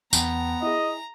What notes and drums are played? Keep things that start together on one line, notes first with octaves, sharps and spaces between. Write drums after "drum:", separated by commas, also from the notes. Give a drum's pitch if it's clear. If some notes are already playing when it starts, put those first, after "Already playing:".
E2 B3 G5 A5 A#5, drum: tambourine
E4 G#4 D#5